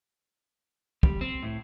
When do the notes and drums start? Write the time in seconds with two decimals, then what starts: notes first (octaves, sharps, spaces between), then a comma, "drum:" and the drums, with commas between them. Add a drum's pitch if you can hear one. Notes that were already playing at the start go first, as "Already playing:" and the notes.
1.03 G3, drum: kick
1.21 C4
1.43 A2